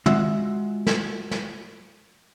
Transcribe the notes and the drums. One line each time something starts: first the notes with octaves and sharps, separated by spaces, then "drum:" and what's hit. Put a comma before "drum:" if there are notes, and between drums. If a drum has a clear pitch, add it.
G#3 F4 F#4 E5 F#5, drum: tom
drum: snare
drum: snare